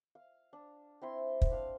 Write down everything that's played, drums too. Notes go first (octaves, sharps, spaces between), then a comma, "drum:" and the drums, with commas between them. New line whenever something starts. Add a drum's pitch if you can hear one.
F5
D4
C4 E4 C6
drum: kick
D4 F5 A5